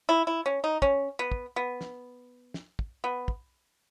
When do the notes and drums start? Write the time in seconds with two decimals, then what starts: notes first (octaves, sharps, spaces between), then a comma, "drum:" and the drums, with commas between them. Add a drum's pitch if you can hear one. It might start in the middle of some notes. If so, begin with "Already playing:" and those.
0.09 E4
0.27 E4
0.46 C#4
0.64 D#4
0.82 C#4, drum: kick
1.19 B3
1.32 drum: kick
1.56 B3
1.81 drum: snare
2.54 drum: snare
2.79 drum: kick
3.04 B3
3.28 drum: kick